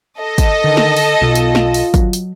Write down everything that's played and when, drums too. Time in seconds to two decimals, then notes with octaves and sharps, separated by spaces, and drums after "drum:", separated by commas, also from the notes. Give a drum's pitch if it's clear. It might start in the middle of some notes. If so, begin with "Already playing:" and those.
0.19 A4 D#5
0.38 drum: kick, hi-hat
0.64 D3 D#3
0.77 drum: snare
0.97 drum: open hi-hat
1.22 B1 B2 F4
1.35 drum: hi-hat
1.55 drum: snare
1.74 drum: open hi-hat
1.94 F#3, drum: kick, hi-hat
2.13 drum: hi-hat